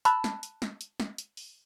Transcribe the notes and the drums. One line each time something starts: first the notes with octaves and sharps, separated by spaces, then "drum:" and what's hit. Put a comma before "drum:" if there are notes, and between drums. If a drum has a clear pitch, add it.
A5 B5 E6 F#6, drum: hi-hat
drum: snare
drum: hi-hat
drum: snare
drum: hi-hat
drum: snare
drum: hi-hat
drum: open hi-hat